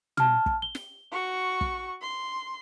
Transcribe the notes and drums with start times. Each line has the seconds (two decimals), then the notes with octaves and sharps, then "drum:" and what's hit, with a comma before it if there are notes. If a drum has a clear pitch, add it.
0.17 A5 F6, drum: tom
0.46 drum: kick
0.62 G7
0.75 drum: snare
1.12 F#4 C#6
1.61 drum: kick
2.02 C6